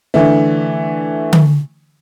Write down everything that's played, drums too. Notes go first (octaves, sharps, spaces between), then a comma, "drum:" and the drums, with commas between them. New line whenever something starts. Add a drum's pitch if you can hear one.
D3 E3 A3
drum: tom D3